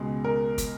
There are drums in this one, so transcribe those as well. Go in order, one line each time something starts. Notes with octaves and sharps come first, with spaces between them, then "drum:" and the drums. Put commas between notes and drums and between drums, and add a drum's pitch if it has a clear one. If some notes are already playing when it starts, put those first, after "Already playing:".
Already playing: C#2 B2 G#3
A#4
drum: kick, hi-hat